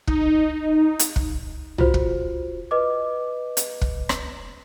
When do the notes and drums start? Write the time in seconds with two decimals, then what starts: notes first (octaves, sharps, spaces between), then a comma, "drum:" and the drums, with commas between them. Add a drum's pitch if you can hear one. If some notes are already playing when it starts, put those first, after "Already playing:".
0.07 D#4, drum: kick
0.99 drum: hi-hat
1.16 drum: kick
1.78 F4 F#4 C5, drum: tom B1
1.94 drum: kick
2.71 B4 D#5 D6
3.57 drum: hi-hat
3.81 drum: kick
4.09 drum: rim click